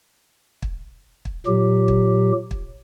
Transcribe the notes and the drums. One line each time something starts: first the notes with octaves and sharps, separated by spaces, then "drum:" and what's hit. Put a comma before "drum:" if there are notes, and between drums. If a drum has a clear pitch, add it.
drum: kick
drum: kick
A#2 F#3 G4
drum: kick
drum: kick